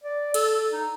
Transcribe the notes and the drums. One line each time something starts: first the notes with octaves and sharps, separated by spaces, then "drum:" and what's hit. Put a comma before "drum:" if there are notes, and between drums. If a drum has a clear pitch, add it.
D5
A4, drum: cymbal
D#4